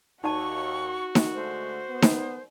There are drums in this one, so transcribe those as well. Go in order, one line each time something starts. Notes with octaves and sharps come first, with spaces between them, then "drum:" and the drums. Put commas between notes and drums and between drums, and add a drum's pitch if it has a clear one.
D#2 D#4 F#4 D5 A5 C#6
drum: snare D#4
D3 G#3 A3 C5
B3
drum: snare D#4